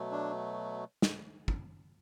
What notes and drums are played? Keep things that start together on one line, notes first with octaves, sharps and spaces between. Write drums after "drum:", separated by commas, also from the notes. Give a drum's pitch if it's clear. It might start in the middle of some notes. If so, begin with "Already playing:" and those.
Already playing: B2 F#3 A3
D4
drum: snare
drum: kick